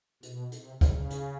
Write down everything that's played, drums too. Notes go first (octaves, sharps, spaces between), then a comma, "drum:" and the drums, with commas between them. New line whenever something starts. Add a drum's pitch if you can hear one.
B2, drum: hi-hat
C3, drum: hi-hat
C#3, drum: kick, hi-hat
drum: hi-hat